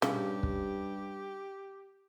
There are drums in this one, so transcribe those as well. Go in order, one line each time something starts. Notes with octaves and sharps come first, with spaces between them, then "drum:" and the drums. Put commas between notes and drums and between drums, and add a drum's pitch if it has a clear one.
G2 C#3 G4, drum: tom A#2
drum: kick